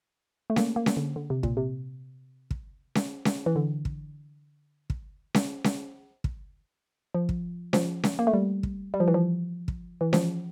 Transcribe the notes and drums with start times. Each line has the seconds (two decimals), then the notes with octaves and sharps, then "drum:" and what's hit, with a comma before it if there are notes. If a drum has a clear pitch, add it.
0.50 A3
0.56 A#3, drum: snare C#4
0.76 A#3
0.86 drum: snare C#4
0.97 D3
1.16 D3
1.30 C3
1.43 A#2, drum: kick
1.57 C3
2.51 drum: kick
2.95 drum: snare C#4
3.25 drum: snare C#4
3.46 E3
3.56 D3
3.85 drum: kick
4.90 drum: kick
5.34 drum: snare C#4
5.64 drum: snare C#4
6.24 drum: kick
7.14 F3
7.29 drum: kick
7.73 F3, drum: snare C#4
8.03 drum: snare C#4
8.19 A#3
8.27 A3
8.33 G3
8.63 drum: kick
8.94 G3
9.00 F3
9.08 E3
9.14 F3
9.68 drum: kick
10.01 E3
10.13 F3, drum: snare C#4